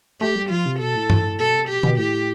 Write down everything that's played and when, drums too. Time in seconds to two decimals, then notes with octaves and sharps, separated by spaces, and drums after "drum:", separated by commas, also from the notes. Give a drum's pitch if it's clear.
0.21 A3 G4
0.36 G3
0.50 F3 F4
0.66 C3
0.80 B2 A4
0.95 A2
1.10 drum: tom
1.39 B2 A4
1.54 C3
1.68 B2 G4
1.83 B2, drum: tom
1.98 A2 G4